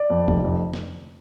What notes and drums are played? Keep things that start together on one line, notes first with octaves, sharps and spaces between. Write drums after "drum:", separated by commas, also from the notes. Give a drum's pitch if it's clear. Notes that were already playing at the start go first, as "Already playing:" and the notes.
Already playing: D5
F2
F1, drum: kick
F2
drum: snare